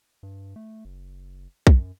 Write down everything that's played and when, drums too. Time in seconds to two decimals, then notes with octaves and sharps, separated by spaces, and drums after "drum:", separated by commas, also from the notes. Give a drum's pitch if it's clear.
0.23 G2
0.56 A3
0.85 F#1
1.67 F#2, drum: kick